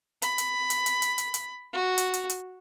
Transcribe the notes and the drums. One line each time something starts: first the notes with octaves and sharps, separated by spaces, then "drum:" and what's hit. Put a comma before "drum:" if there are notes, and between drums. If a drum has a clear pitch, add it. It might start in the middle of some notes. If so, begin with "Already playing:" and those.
B5, drum: hi-hat
drum: hi-hat
drum: hi-hat
drum: hi-hat
drum: hi-hat
drum: hi-hat
drum: hi-hat
F#4
drum: hi-hat
drum: hi-hat
drum: hi-hat